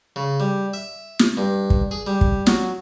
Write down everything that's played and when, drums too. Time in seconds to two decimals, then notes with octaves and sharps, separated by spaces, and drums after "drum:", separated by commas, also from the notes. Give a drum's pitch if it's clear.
0.16 C#3
0.40 G3
0.73 E5
1.19 drum: snare
1.37 G2
1.70 drum: kick
1.91 G#4
2.07 G3
2.21 drum: kick
2.47 F#3, drum: snare